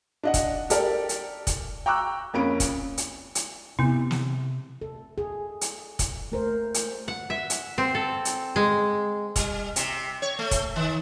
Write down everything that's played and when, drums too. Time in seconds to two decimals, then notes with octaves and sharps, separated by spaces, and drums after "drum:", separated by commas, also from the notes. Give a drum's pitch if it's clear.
0.23 D4 D#5 F#5
0.34 drum: kick, hi-hat
0.70 G4 A4 A#4 D5, drum: hi-hat
1.09 drum: hi-hat
1.47 drum: kick, hi-hat
1.86 G5 A#5 C#6 D6 E6 F#6
2.34 F2 A#3 C#4 B5 D7
2.60 drum: kick, hi-hat
2.98 drum: hi-hat
3.35 drum: hi-hat
3.79 C3 B3 E4
4.11 drum: snare
4.81 A4
5.18 G#4
5.61 drum: hi-hat
5.99 drum: kick, hi-hat
6.32 A3 A#4 C5
6.74 drum: hi-hat
7.08 F#5
7.30 E5
7.50 drum: hi-hat
7.78 C4
7.95 A4
8.25 drum: hi-hat
8.56 G#3
9.36 G3, drum: kick, hi-hat
9.76 C3, drum: hi-hat
10.22 C#5
10.39 A3
10.51 drum: kick, hi-hat
10.76 D#3